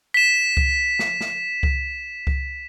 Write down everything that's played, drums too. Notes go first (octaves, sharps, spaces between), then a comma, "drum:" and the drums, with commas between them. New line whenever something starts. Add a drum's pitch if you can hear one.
B6 E7
drum: kick C2
drum: snare
drum: snare
drum: kick C2
drum: kick C2